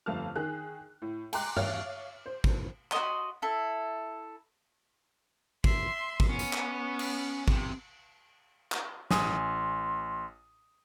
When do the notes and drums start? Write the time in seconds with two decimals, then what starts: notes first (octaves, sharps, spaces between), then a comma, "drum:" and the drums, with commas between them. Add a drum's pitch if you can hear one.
0.06 G1 F2 A3 F5 A5 F6
0.36 D#3 G#4 F#6
1.02 A2
1.33 G5 G#5 A#5 C6 D6 F#6, drum: cymbal
1.57 C#5 E5 F5 F6 A6, drum: tom G2
2.26 C5
2.44 drum: kick
2.92 F#4 A#4 D#5 C6, drum: clap
3.42 E4 A4
5.64 E5 C6, drum: kick
6.20 drum: kick
6.29 B3 C#4
6.39 drum: tambourine
6.53 drum: clap
6.99 drum: cymbal
7.48 C3, drum: kick
8.72 drum: clap
9.11 A1 G#5 C6 D#6, drum: snare